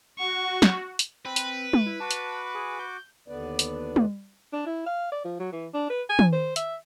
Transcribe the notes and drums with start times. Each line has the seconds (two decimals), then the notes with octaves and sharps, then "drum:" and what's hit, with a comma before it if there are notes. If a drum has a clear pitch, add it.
0.19 F#4 C#6
0.62 drum: snare
0.99 drum: hi-hat
1.25 C4 B4
1.36 drum: hi-hat
1.73 drum: tom
1.86 E4
2.00 F#4 A5 D6
2.11 drum: hi-hat
2.55 G#4
2.79 G6
3.28 D#2 D3 B3 D4 B4 D5
3.59 drum: hi-hat
3.96 drum: tom
4.53 D4
4.66 E4
4.86 F5
5.12 D5
5.25 F3
5.40 F#3
5.52 E3
5.74 D4
5.90 B4
6.09 G#5
6.19 drum: tom
6.32 C5
6.56 E5, drum: hi-hat